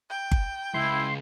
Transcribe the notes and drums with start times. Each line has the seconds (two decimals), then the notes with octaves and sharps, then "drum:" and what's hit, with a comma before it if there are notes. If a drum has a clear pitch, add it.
0.10 G5
0.31 drum: kick G1
0.74 C#2 E4 C6